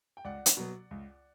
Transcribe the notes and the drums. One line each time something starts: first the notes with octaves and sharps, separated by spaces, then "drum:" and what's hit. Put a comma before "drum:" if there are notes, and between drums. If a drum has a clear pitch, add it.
G5
C#2 D5 F#5
drum: hi-hat
B2 F#3 B3
C#2